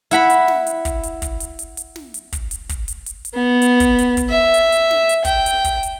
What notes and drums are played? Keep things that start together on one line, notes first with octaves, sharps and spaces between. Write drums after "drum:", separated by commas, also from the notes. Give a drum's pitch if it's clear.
E4 F#5 B5, drum: hi-hat
drum: hi-hat
drum: snare
drum: hi-hat
drum: kick, hi-hat
drum: hi-hat
drum: kick, hi-hat
drum: hi-hat
drum: hi-hat
drum: hi-hat
drum: snare
drum: hi-hat
drum: kick, hi-hat
drum: hi-hat
drum: kick, hi-hat
drum: hi-hat
drum: hi-hat
drum: hi-hat
B3
drum: hi-hat
drum: kick, hi-hat
drum: hi-hat
drum: kick, hi-hat
E5
drum: hi-hat
drum: hi-hat
drum: snare
drum: hi-hat
G5, drum: kick, hi-hat
drum: hi-hat
drum: kick, hi-hat
drum: hi-hat